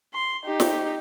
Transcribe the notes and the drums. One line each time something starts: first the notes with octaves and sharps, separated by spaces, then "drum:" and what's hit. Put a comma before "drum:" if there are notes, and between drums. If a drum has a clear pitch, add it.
C6
D#4 G4
drum: snare